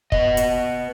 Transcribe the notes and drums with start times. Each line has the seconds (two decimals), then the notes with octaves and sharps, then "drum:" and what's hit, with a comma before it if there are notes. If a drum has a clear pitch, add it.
0.12 B3 D#5, drum: kick
0.37 drum: hi-hat